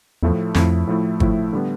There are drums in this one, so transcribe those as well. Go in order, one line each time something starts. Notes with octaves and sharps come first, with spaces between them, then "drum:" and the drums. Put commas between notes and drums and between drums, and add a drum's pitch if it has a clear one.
E2 A2 F3 A3 E4
F2 A2 F3 A3 E4, drum: snare
A2 F3 A3 E4
A2 F3 A3 E4, drum: kick
D3 G3 B3